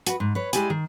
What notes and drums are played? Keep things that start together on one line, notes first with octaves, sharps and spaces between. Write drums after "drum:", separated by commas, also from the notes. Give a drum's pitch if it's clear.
F#4 B4, drum: hi-hat
G#2
B4 C#5
G#3 E4 G4 D5 G#5, drum: hi-hat
D#3